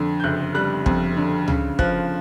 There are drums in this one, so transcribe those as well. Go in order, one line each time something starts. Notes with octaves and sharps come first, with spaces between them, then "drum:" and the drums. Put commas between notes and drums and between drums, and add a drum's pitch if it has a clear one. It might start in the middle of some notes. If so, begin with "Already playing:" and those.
Already playing: F2 D3
G6
F#1 F#6
G3 F#6
F2, drum: kick
D3
C#3, drum: tom C#2
F3 F#6, drum: kick